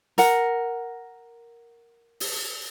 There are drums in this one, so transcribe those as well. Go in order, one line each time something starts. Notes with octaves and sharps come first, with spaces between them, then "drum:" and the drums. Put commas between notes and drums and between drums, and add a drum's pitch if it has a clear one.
A#4 F#5, drum: hi-hat
drum: open hi-hat